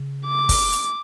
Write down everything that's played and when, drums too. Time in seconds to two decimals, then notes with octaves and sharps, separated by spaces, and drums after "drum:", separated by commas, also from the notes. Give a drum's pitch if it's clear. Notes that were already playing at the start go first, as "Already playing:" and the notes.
Already playing: C#3
0.26 D6
0.49 drum: kick, open hi-hat
0.72 drum: hi-hat